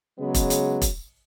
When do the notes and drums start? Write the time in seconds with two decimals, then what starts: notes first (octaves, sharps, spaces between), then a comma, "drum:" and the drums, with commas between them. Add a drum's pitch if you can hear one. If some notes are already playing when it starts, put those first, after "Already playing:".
0.19 C#3 F#3 G#3 B3
0.34 drum: kick E1, hi-hat
0.50 drum: hi-hat
0.82 drum: kick E1, hi-hat